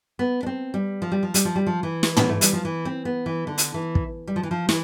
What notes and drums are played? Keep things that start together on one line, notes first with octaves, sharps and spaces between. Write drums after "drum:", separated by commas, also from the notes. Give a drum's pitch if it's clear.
B3
D4
C4
G3
F3
G3
F3
G3, drum: hi-hat
F3
G3
F3
E3
drum: snare
B3, drum: tom
A3
G3, drum: hi-hat
F3
E3
C4
B3
E3
D3
drum: hi-hat
E3
drum: kick
G3
F3
E3
F3
E3, drum: snare